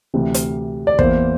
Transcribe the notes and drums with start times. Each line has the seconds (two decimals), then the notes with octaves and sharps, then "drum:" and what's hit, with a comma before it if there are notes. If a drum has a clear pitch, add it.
0.14 D2 C3 E3
0.34 drum: hi-hat
0.87 D5
0.99 E2 E3 A#3 C5, drum: kick